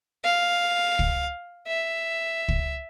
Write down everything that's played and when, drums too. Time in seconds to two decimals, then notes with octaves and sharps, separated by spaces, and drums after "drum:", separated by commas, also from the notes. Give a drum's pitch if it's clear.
0.24 F5
0.99 drum: kick
1.67 E5
2.48 drum: kick